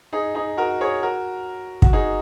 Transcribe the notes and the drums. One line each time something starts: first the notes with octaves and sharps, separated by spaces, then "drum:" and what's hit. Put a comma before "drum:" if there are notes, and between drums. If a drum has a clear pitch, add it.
D#4 G#4
D#4 G#4
F#4 A#4
G#4 C#5
F#4 A#4
F#4, drum: kick
D#4 G#4